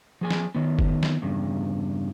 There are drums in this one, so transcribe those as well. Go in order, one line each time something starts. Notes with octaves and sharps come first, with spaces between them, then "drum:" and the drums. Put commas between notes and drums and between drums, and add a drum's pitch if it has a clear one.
F3 G#4 G#5
drum: snare
D#3 B3
drum: kick F#1
drum: snare
E2 G2 C#3